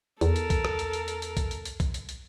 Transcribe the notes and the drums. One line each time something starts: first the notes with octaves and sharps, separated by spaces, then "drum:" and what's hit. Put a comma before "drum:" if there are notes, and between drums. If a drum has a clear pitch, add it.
E2 A4 A#4, drum: hi-hat
drum: hi-hat
drum: kick B1, hi-hat
drum: rim click
drum: hi-hat
drum: hi-hat
drum: hi-hat
drum: hi-hat
drum: kick B1, hi-hat
drum: hi-hat
drum: hi-hat
drum: kick B1, hi-hat
drum: hi-hat
drum: hi-hat